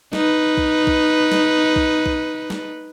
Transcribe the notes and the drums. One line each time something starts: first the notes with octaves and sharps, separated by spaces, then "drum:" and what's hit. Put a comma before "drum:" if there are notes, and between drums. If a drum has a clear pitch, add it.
D#4 B4, drum: snare
drum: kick B1
drum: kick B1
drum: snare
drum: kick B1
drum: kick B1
drum: snare